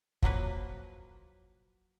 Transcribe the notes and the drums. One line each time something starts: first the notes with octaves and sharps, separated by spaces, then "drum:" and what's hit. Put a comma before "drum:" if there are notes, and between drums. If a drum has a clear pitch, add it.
F3 F#3 A#3 B4, drum: kick